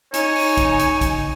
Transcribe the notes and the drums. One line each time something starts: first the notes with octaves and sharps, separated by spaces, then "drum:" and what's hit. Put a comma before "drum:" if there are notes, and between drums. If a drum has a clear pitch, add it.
D#4 C#5 G#5, drum: hi-hat
drum: open hi-hat
drum: kick B1, hi-hat
drum: hi-hat
drum: kick B1, hi-hat